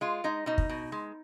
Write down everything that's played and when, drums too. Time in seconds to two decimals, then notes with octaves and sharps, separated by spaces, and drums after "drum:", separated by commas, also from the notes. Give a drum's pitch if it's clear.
0.01 G#3 F4
0.24 G#3 D#4
0.46 B2 D#4
0.58 drum: kick
0.69 B2
0.92 G#3